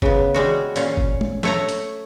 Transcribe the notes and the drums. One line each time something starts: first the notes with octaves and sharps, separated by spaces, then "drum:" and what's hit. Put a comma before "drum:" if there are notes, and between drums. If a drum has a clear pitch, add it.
C#3 B3, drum: kick
G3 G#3 F#4
A#2 C#4 F5, drum: hi-hat
drum: kick
drum: tom
A3 C#5 A#5, drum: snare
drum: hi-hat